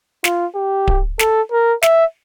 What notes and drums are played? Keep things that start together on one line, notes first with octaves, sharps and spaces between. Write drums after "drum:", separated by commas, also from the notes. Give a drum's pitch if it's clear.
F4, drum: snare
G4
drum: kick D1
A4, drum: snare
A#4
E5, drum: snare